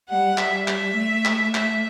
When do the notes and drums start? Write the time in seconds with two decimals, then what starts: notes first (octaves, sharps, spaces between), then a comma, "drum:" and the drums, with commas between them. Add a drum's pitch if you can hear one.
0.09 G3 F#5
0.38 G3 E5, drum: clap
0.68 E5, drum: clap
0.96 A3
1.25 drum: clap
1.55 E5, drum: clap